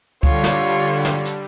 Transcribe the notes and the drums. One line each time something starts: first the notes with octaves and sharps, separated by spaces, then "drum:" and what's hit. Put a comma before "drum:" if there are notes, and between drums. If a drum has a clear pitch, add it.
D3 G3 F4 C#5, drum: kick C#2, hi-hat
drum: snare
drum: snare
drum: hi-hat